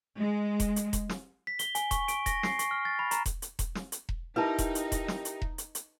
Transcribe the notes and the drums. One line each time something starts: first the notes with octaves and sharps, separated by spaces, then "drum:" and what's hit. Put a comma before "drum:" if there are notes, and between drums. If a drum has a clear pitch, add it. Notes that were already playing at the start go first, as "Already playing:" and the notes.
G#3
drum: kick E1, hi-hat
drum: hi-hat
drum: kick E1, hi-hat
drum: snare
B6
G7, drum: hi-hat
G#5, drum: hi-hat
C#6, drum: kick E1, hi-hat
D7, drum: hi-hat
A#6, drum: kick E1, hi-hat
C7, drum: snare
C#6, drum: hi-hat
F6
A6
B5
A#5, drum: hi-hat
drum: kick E1, hi-hat
drum: hi-hat
drum: kick E1, hi-hat
drum: snare
drum: hi-hat
drum: kick E1
D#4 E4 G4 A#4 B4 A5
drum: kick E1, hi-hat
drum: hi-hat
drum: kick E1, hi-hat
drum: snare
drum: hi-hat
drum: kick E1
drum: hi-hat
drum: hi-hat